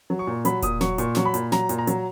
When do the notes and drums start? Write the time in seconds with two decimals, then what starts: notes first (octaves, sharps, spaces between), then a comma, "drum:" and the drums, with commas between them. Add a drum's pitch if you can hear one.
0.10 F#3
0.19 C#6
0.27 A#2
0.45 F#3 B5, drum: hi-hat
0.62 A#2 D#6, drum: kick E1, hi-hat
0.81 F#3 C#6, drum: snare
0.98 A#2 C#6, drum: hi-hat
1.15 F#3 C#6, drum: snare
1.25 B5
1.34 A#2, drum: hi-hat
1.52 F#3 A#5, drum: snare
1.69 A#2, drum: hi-hat
1.78 A#5
1.87 F#3, drum: hi-hat